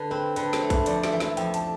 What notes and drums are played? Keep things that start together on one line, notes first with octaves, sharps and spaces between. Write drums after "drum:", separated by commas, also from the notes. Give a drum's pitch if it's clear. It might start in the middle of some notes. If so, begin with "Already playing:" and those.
Already playing: D3 B4
C4 B4
D3 B4, drum: hi-hat
C5, drum: snare
A3
B4, drum: kick, hi-hat
F2 D5, drum: hi-hat
E5, drum: snare
E3
E5, drum: snare
F2 G5, drum: hi-hat
A5, drum: hi-hat